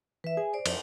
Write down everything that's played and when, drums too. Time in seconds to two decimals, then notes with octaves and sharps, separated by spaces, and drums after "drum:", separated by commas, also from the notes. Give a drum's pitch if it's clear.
0.24 E3 B4 E5
0.37 G#4 G#5
0.53 C5 D5
0.66 F2, drum: cymbal